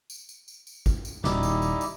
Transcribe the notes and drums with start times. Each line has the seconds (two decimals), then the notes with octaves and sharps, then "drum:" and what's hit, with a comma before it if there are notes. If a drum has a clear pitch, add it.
0.10 drum: tambourine
0.29 drum: tambourine
0.48 drum: tambourine
0.67 drum: tambourine
0.86 drum: kick, tambourine
1.05 drum: tambourine
1.24 D#1 G3 D#4 E4 D6, drum: snare
1.43 drum: tambourine
1.62 drum: tambourine
1.81 drum: tambourine